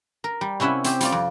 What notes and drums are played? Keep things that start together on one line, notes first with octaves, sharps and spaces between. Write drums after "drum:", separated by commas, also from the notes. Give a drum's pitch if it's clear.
A#4
G3
C3 C#4 E4 E5 F#5
C4 G4, drum: hi-hat
G3 F4 D5, drum: hi-hat
F2